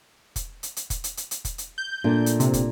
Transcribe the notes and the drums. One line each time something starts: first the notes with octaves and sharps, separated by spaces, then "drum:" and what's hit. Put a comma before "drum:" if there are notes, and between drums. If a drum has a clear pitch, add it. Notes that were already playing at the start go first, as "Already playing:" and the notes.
drum: kick, hi-hat
drum: hi-hat
drum: hi-hat
drum: kick, hi-hat
drum: hi-hat
drum: hi-hat
drum: hi-hat
drum: kick, hi-hat
drum: hi-hat
G6
A#2 A3 D4
drum: hi-hat
C3, drum: hi-hat
drum: kick, hi-hat